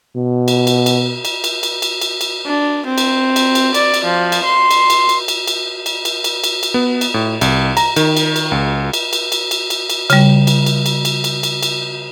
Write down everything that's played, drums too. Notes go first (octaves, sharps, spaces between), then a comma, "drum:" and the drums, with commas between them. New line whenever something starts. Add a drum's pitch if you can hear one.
B2
drum: cymbal
drum: cymbal
drum: cymbal
drum: cymbal
drum: cymbal
drum: cymbal
drum: cymbal
drum: cymbal
drum: cymbal
D4
C4
drum: cymbal
drum: cymbal
drum: cymbal
D5, drum: cymbal
drum: cymbal
F3
drum: cymbal
C6
drum: cymbal
drum: cymbal
drum: cymbal
drum: cymbal
drum: cymbal
drum: cymbal
drum: cymbal
drum: cymbal
drum: cymbal
drum: cymbal
B3
drum: cymbal
A2
C2, drum: cymbal
A#5, drum: cymbal
D#3, drum: cymbal
drum: cymbal
drum: cymbal
C#2
drum: cymbal
drum: cymbal
drum: cymbal
drum: cymbal
drum: cymbal
drum: cymbal
C#3 G3, drum: cymbal
drum: cymbal
drum: cymbal
drum: cymbal
drum: cymbal
drum: cymbal
drum: cymbal
drum: cymbal